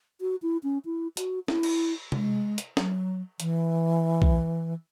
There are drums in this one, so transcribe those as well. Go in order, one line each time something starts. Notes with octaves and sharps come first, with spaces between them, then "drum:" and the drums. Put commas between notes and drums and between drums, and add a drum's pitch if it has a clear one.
F#4
E4
C#4
E4
F#4, drum: hi-hat
E4, drum: snare
drum: cymbal
G#3, drum: tom C3
drum: hi-hat
F#3, drum: snare
E3, drum: hi-hat
drum: kick B1